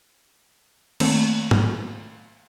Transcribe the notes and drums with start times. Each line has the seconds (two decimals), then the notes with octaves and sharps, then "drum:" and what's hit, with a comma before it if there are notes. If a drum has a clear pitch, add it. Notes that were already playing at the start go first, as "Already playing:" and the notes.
1.00 D#3 A3 A#3 C4, drum: cymbal
1.51 drum: tom G#2